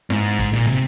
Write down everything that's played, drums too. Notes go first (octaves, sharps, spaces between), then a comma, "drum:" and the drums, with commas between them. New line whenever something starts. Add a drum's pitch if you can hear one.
G#2, drum: snare E4
drum: kick, hi-hat
A#2
C3, drum: hi-hat